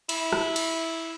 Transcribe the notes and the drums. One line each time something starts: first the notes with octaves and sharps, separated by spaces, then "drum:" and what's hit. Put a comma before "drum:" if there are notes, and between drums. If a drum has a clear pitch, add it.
E4, drum: cymbal
drum: rim click
drum: cymbal